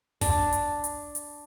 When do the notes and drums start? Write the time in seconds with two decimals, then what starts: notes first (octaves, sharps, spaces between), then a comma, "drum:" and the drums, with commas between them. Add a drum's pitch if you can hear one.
0.21 D4, drum: kick, open hi-hat
0.52 drum: hi-hat
0.84 drum: hi-hat
1.15 drum: hi-hat